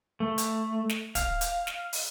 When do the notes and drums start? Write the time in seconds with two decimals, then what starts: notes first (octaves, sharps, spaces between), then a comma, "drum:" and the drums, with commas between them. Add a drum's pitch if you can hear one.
0.20 A3
0.38 drum: hi-hat
0.89 drum: snare
1.15 F5, drum: kick, hi-hat
1.41 drum: hi-hat
1.67 drum: snare
1.93 drum: open hi-hat